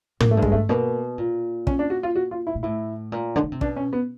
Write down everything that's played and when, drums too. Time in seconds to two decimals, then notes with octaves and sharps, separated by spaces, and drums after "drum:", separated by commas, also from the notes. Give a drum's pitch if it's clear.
0.20 F#2 A#3, drum: tom
0.31 A3
0.37 G2
0.42 G#3, drum: kick
0.52 G#2 A3
0.69 B2 A#3
1.18 A#2
1.67 C#4, drum: kick
1.79 D4
1.90 F#4
2.03 F4
2.15 F#4
2.31 F4
2.47 E4
2.55 A#2
2.63 A2 E4
3.12 A#2
3.36 D3
3.43 C#3
3.52 C3
3.61 B2 D4, drum: kick
3.76 C#4
3.93 B3